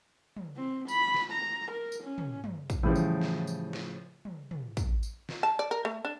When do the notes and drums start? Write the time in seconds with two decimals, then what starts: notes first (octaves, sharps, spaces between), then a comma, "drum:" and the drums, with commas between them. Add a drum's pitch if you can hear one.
0.37 drum: tom
0.56 C4
0.88 B5, drum: tambourine
1.14 drum: snare
1.32 A#5
1.71 A#4
1.92 drum: tambourine
2.03 C#4
2.18 drum: tom
2.44 drum: tom
2.70 drum: kick, tambourine
2.83 A2 C#3 E3 F3 G3
2.96 drum: tambourine
3.21 drum: snare
3.47 drum: tambourine
3.73 drum: snare
4.25 drum: tom
4.51 drum: tom
4.77 drum: kick, tambourine
5.03 drum: tambourine
5.29 drum: snare
5.43 A5
5.59 D5
5.71 A#4
5.85 A3
6.05 D4